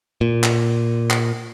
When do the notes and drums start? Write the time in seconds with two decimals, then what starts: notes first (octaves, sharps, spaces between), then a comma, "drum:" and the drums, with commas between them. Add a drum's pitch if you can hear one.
0.21 A#2
0.43 drum: clap
1.10 drum: clap